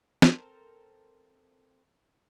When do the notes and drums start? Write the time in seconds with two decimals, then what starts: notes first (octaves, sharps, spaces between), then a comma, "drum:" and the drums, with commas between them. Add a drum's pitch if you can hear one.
0.22 C4 A4 A#4 C5, drum: snare